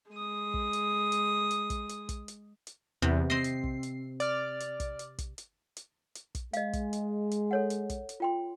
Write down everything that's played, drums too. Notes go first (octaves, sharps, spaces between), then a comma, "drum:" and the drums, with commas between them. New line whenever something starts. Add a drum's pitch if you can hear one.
G#3 D#6
drum: kick
drum: hi-hat
drum: hi-hat
drum: hi-hat
drum: kick, hi-hat
drum: hi-hat
drum: kick, hi-hat
drum: hi-hat
drum: hi-hat
E2 C3
C4 D#5 C7
drum: hi-hat
drum: kick
drum: hi-hat
D5 F6, drum: hi-hat
drum: hi-hat
drum: kick, hi-hat
drum: hi-hat
drum: kick, hi-hat
drum: hi-hat
drum: hi-hat
drum: hi-hat
drum: kick, hi-hat
G#3 D#5 F5, drum: hi-hat
drum: kick, hi-hat
drum: hi-hat
drum: hi-hat
A4 C#5 F#5
drum: hi-hat
drum: kick, hi-hat
drum: hi-hat
F4 G5 C6